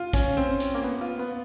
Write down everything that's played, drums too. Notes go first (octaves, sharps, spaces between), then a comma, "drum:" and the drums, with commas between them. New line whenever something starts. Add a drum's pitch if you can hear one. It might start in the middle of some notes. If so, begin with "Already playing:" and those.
Already playing: F4
C#4, drum: kick, hi-hat
C4
drum: hi-hat
A#3
B3
F4
B3